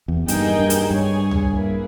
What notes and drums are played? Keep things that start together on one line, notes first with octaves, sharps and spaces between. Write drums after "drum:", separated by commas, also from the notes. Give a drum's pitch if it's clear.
E2
G2 A#3 D#4 G#4 D#5 G5, drum: hi-hat
G2
drum: hi-hat
G2 G#4 C#5 G#5
drum: tom B1
A#3 E4 G#4 B4